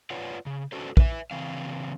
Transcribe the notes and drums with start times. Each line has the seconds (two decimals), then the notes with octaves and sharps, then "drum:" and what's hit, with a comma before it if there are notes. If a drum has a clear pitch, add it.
0.10 F4 B4 C#5 D5 F#5
0.46 C#3
0.72 C#4 D4 F#4 A4 B4 C5
0.97 B4 E5, drum: kick
1.31 C#3 E3 C4 F5